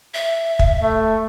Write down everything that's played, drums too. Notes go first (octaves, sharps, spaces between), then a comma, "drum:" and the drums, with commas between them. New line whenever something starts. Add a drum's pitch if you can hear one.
E5
drum: kick
A3